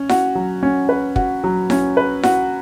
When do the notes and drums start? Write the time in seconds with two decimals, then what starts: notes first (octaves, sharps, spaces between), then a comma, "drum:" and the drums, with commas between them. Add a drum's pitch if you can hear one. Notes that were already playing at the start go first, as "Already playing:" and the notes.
Already playing: C#4
0.09 F#4, drum: snare E4
0.35 F#3
0.63 C#4
0.89 B4
1.16 F#4, drum: kick
1.44 F#3
1.70 C#4, drum: snare E4
1.97 B4
2.23 F#4, drum: snare E4